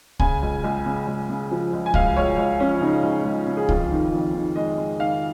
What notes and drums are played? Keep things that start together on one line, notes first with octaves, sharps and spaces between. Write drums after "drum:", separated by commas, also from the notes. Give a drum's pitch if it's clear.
C#3 G#5, drum: kick C2
C#2
C#2
C#3
C#2
C#3
F3
C#2
G#5
C#2 F5, drum: kick C2
C#2 C#5
C#2 C#5
F3 C#4
C#3 D#4
C#2
C#2
C#3
G#4
F2 F4, drum: kick C2
D#3
F2
D#3
G#3 D#5
G#3
D#3 F5